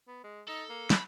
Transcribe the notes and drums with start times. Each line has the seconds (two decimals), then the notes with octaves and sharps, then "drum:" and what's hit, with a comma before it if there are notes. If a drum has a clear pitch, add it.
0.08 B3
0.24 G#3
0.48 D#4 A4
0.69 A#3
0.90 B5, drum: snare